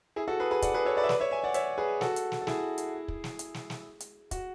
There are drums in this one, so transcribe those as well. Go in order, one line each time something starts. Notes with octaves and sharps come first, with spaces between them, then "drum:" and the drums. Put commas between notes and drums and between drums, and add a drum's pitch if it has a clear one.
E4 G#4
F#4 A4
G#4 B4
G#4 B4
D5 F#5, drum: kick, hi-hat
G#4 B4
A4 C#5
B4 D5
E5
B4 D5, drum: snare
C#5 E5
E5 G#5
D5 F#5
C#5 E5, drum: hi-hat
G#4 B4
F#4 A4, drum: snare
drum: hi-hat
drum: snare
A4
E4 G#4, drum: snare
drum: hi-hat
drum: kick
drum: snare
drum: hi-hat
drum: snare
drum: snare
drum: hi-hat
F#4, drum: kick, hi-hat